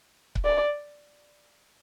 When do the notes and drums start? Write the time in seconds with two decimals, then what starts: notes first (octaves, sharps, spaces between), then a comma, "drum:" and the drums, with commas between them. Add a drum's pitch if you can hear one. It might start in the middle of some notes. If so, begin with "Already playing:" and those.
0.35 drum: kick C#1
0.44 D5